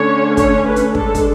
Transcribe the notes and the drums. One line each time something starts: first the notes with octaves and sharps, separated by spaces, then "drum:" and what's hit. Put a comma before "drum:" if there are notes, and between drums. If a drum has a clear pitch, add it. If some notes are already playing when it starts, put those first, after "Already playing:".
Already playing: D3 A3 C#4 C#5
C#5, drum: kick, hi-hat
B4
drum: hi-hat
G#3 D4 A4, drum: kick
drum: kick, hi-hat